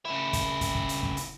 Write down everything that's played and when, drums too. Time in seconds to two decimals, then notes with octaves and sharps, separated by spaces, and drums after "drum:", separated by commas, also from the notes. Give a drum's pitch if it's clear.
0.05 C#3 E4
0.33 drum: kick, hi-hat
0.61 drum: kick, hi-hat
0.75 drum: kick
0.89 drum: hi-hat
1.03 drum: kick
1.17 drum: hi-hat